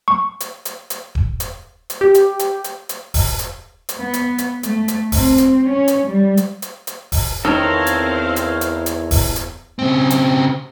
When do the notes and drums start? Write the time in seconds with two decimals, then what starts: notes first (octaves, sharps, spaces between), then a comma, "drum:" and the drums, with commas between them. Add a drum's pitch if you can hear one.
0.08 C#6
0.40 drum: hi-hat
0.65 drum: hi-hat
0.90 drum: hi-hat
1.15 drum: kick D#1
1.40 drum: hi-hat
1.90 drum: hi-hat
2.01 G4
2.15 drum: hi-hat
2.39 drum: hi-hat
2.64 drum: hi-hat
2.89 drum: hi-hat
3.14 drum: kick D#1, open hi-hat
3.39 drum: hi-hat
3.89 drum: hi-hat
3.99 B3
4.13 drum: hi-hat
4.38 drum: hi-hat
4.63 A3, drum: hi-hat
4.88 drum: hi-hat
5.12 C4, drum: kick D#1, open hi-hat
5.38 drum: hi-hat
5.69 C#4
5.88 drum: hi-hat
6.07 G3
6.37 drum: hi-hat
6.62 drum: hi-hat
6.87 drum: hi-hat
7.12 drum: kick D#1, open hi-hat
7.45 E2 D#3 C4 A4 A#4 C5 C#5 F5
7.87 drum: hi-hat
8.36 drum: hi-hat
8.61 drum: hi-hat
8.86 drum: hi-hat
9.11 drum: kick D#1, open hi-hat
9.36 drum: hi-hat
9.79 C#3 C4
10.10 drum: hi-hat